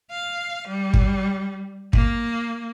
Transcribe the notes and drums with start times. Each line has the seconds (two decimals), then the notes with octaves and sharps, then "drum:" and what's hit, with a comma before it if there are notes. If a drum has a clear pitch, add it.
0.11 F5
0.68 G3
0.94 drum: kick
1.93 A#3, drum: kick